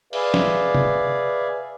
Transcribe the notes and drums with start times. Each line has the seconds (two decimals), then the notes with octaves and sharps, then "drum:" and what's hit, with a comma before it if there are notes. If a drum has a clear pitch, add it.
0.13 G#4 B4 D5 E5 F5, drum: open hi-hat
0.34 drum: snare
0.75 drum: tom